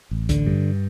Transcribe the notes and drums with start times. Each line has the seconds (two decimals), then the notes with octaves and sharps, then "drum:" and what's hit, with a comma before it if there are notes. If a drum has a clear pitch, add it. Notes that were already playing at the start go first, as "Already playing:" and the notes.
0.11 A1
0.29 D3, drum: kick, hi-hat
0.46 G2